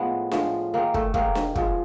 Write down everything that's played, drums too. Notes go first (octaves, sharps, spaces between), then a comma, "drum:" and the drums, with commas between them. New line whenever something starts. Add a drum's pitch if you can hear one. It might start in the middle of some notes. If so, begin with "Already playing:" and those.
Already playing: A2 F3 G#3 B3
A2 F3 G#3, drum: snare D4
G#2 D#3 G#3 A#3
A3, drum: kick
G#2 D#3 G#3 A#3, drum: kick
drum: snare D4
G#2 F3 G#3, drum: kick